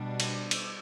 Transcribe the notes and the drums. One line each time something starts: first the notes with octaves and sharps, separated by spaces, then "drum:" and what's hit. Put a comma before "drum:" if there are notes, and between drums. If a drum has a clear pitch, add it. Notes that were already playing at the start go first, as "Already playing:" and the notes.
Already playing: B2 G3 D4
drum: cymbal
drum: cymbal